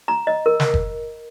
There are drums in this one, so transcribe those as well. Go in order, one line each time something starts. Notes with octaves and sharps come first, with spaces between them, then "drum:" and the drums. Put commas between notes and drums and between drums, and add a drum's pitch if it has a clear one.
A#5
D#5
A#4
drum: snare
drum: kick F#1